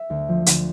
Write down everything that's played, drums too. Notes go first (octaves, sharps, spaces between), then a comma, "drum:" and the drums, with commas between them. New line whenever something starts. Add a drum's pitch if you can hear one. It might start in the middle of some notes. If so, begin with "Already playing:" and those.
Already playing: E5
D2
F3
D2, drum: hi-hat